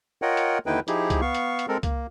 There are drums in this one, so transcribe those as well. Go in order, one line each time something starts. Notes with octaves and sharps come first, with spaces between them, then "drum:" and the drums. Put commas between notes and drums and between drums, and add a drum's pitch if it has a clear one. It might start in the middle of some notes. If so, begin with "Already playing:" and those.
F4 A#4 C#5 D#5 F#5 G5
drum: hi-hat
D#2 D3 D#4 E4 B4 G5
F3 D#4 E4 G4 G#4, drum: hi-hat
drum: kick C2, hi-hat
B3 F5 C#6
drum: hi-hat
drum: hi-hat
G#3 C4 A4 A#4
A#3, drum: kick C2, hi-hat